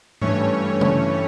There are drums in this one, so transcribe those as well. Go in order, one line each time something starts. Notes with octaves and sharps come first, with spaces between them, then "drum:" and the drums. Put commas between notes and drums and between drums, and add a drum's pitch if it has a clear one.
G2 E3 A3 C#4 C#5, drum: tom G#2
drum: tom C#3